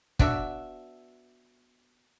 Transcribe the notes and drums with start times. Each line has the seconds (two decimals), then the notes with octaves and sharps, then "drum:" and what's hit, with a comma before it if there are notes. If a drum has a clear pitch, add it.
0.19 B3 D4 F#4 E5, drum: kick